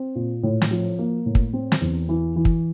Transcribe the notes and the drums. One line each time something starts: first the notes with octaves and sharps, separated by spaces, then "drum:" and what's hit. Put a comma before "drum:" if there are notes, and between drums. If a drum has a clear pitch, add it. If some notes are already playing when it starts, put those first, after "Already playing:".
Already playing: C4
A#2
A2
drum: snare
F3
A#3
A2
drum: kick
C4
drum: snare
E2
E3
E3
drum: kick